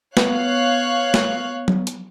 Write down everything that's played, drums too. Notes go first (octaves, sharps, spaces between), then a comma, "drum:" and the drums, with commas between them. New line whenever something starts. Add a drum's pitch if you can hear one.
B3 C#5 F5 F#6, drum: snare
drum: snare
drum: tom F#3
drum: hi-hat